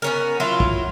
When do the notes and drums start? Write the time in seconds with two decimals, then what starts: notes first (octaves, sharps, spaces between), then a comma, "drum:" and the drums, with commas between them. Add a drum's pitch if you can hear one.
0.02 B3 C#4 A#4
0.40 F#3 E4 F4
0.60 drum: kick